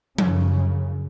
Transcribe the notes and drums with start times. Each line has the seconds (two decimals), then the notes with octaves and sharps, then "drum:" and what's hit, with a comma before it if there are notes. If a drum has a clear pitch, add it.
0.18 F#2 C#3, drum: tom F3